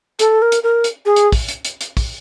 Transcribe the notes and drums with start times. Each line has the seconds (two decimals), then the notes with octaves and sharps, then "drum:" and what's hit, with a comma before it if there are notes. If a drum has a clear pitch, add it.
0.19 A4, drum: hi-hat
0.42 A#4
0.52 drum: hi-hat
0.63 A#4
0.84 drum: hi-hat
1.06 G#4
1.16 drum: hi-hat
1.32 drum: kick, open hi-hat
1.49 drum: hi-hat
1.65 drum: hi-hat
1.81 drum: hi-hat
1.97 drum: kick, open hi-hat